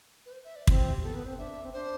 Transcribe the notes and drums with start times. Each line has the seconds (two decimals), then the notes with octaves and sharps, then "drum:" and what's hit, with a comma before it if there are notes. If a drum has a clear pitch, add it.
0.26 B4
0.32 C5
0.44 E5
0.56 D5
0.67 C4 E4, drum: kick
0.79 F4
0.91 G4
1.03 B3 A4
1.14 B3 B4
1.26 C4 C5
1.38 D4 E5
1.63 C4
1.73 D4 C5